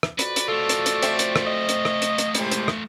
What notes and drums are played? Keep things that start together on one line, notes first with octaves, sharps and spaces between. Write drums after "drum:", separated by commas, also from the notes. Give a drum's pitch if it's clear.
drum: rim click
F2 F#4 B4 D5, drum: hi-hat
drum: hi-hat
A3 F4 A4
drum: hi-hat
drum: hi-hat
C4 E5, drum: hi-hat
drum: hi-hat
drum: rim click
D#5
drum: hi-hat
drum: rim click
drum: hi-hat
drum: hi-hat
A2 C3 G#3, drum: hi-hat
drum: hi-hat
drum: rim click